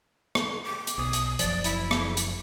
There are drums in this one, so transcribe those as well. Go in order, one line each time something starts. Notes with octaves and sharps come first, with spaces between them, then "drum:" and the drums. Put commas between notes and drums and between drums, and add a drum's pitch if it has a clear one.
drum: rim click
D6
drum: hi-hat
B1 D#6
drum: hi-hat
F#1 F3 D5, drum: hi-hat
E4, drum: hi-hat
drum: rim click
drum: hi-hat